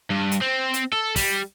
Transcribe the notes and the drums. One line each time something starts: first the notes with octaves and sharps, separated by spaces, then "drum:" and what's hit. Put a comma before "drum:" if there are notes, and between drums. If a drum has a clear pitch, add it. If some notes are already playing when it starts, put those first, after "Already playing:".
G2
drum: hi-hat
C4
drum: hi-hat
A4
G3, drum: kick, open hi-hat